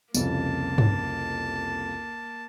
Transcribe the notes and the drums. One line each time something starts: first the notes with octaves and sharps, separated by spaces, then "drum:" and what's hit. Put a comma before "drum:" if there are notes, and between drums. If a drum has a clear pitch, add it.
C2 F2 C#3 A#3 A5, drum: tambourine
drum: tom G2